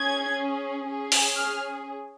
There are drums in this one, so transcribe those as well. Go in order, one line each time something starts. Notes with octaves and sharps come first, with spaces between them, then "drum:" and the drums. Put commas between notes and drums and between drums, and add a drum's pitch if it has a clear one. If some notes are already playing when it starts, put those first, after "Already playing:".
Already playing: C#4 G#4 G#6
C#4 G#4
drum: open hi-hat
F6